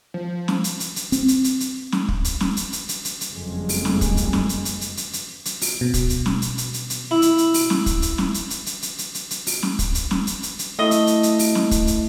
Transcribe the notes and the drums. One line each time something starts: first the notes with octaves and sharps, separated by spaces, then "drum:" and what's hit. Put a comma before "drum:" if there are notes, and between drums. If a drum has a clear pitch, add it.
F3
drum: snare
drum: hi-hat
drum: hi-hat
drum: hi-hat
C4, drum: hi-hat
drum: hi-hat
drum: hi-hat
drum: hi-hat
drum: snare
drum: kick
drum: hi-hat
drum: snare
drum: hi-hat
drum: hi-hat
drum: hi-hat
drum: hi-hat
drum: hi-hat
F#1 F2 G3 G#3
drum: open hi-hat
drum: snare
drum: kick, hi-hat
drum: hi-hat
drum: snare
drum: hi-hat
drum: hi-hat
drum: hi-hat
drum: hi-hat
drum: hi-hat
drum: hi-hat
drum: open hi-hat
B2
drum: kick, hi-hat
drum: hi-hat
drum: snare
drum: hi-hat
drum: hi-hat
drum: hi-hat
drum: hi-hat
E4
drum: hi-hat
drum: hi-hat
drum: open hi-hat
drum: snare
drum: kick, hi-hat
drum: hi-hat
drum: snare
drum: hi-hat
drum: hi-hat
drum: hi-hat
drum: hi-hat
drum: hi-hat
drum: hi-hat
drum: hi-hat
drum: open hi-hat
drum: snare
drum: kick, hi-hat
drum: hi-hat
drum: snare
drum: hi-hat
drum: hi-hat
drum: hi-hat
A3 E4 D#5
drum: hi-hat
drum: hi-hat
drum: hi-hat
drum: open hi-hat
drum: snare
drum: kick, hi-hat
drum: hi-hat